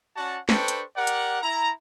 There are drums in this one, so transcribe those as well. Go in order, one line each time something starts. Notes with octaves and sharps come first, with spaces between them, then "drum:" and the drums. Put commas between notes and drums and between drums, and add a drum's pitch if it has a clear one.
C#4 F#4 D5 F#5 A5
D4 A4 B4 C5 G5 C#6, drum: snare
drum: hi-hat
G4 A#4 D5 F#5
drum: hi-hat
E4 A#5